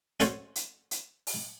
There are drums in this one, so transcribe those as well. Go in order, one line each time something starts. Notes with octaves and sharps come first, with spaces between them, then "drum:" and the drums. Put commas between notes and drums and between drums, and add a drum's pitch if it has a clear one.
C#4 F#4 A4 C5 C#5, drum: hi-hat
drum: hi-hat
drum: hi-hat
drum: open hi-hat